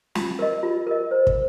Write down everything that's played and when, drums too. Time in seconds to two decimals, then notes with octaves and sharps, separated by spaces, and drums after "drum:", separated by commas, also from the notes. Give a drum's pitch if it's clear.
0.15 F4, drum: snare
0.39 A#4 D#5
0.63 F4
0.87 A#4 D#5
1.11 C5
1.27 drum: kick